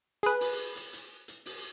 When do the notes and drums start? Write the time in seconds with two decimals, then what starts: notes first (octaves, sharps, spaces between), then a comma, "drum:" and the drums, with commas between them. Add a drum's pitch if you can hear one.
0.23 G#4 B4, drum: hi-hat
0.41 drum: open hi-hat
0.76 drum: hi-hat
0.93 drum: hi-hat
1.28 drum: hi-hat
1.46 drum: open hi-hat